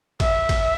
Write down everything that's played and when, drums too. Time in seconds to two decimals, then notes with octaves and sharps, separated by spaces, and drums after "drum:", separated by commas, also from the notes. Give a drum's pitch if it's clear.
0.20 E5, drum: kick G#1, cymbal
0.49 drum: kick G#1, cymbal